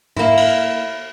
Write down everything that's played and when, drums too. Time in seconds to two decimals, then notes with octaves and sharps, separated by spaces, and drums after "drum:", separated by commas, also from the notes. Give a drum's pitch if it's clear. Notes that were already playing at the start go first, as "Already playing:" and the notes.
0.16 A#3 E4, drum: tom
0.37 drum: cymbal